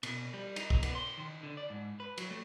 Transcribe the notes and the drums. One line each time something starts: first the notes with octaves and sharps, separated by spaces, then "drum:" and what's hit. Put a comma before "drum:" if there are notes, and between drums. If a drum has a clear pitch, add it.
B2, drum: cymbal
G3
D#4, drum: cymbal
drum: kick
B3, drum: cymbal
C6
D#3
D3
D5
G#2
B4
F#3, drum: cymbal
A3